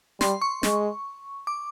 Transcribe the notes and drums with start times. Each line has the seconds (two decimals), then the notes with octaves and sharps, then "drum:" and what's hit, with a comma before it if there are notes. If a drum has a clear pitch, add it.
0.21 G3 C6, drum: snare
0.41 C#6
0.63 G#3, drum: snare
1.47 D6